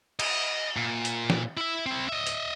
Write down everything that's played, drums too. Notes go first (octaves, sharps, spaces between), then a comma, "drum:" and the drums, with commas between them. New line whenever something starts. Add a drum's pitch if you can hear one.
D#5, drum: cymbal
A#2
drum: hi-hat
drum: snare
E4 E5
C4 E4
D#5 E5
drum: hi-hat